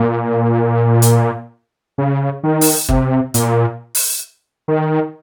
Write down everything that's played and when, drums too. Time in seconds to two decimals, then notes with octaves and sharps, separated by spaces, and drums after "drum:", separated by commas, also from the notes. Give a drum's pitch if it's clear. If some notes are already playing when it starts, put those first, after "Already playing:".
Already playing: A#2
1.02 drum: hi-hat
1.98 C#3
2.43 D#3
2.61 drum: open hi-hat
2.89 C3, drum: kick
3.34 A#2, drum: hi-hat
3.95 drum: open hi-hat
4.68 D#3